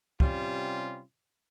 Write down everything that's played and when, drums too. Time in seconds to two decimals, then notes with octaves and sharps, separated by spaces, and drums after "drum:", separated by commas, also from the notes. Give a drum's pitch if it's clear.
0.20 C3 G3 C#4 F4, drum: kick